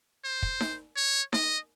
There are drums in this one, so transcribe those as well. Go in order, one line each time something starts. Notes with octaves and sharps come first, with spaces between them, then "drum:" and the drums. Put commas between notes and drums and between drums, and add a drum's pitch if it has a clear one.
C5
drum: kick
drum: snare D#4
C#5
D#5, drum: snare D#4